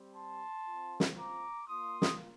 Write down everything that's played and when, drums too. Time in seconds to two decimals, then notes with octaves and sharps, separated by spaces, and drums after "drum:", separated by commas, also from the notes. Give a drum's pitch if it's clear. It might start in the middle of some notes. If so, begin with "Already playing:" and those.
Already playing: G3 C4 G4
0.15 A5 C6
0.66 C4 F4
1.00 drum: snare
1.17 A#5 D6
1.68 A#3 F4 C6 D#6
2.02 drum: snare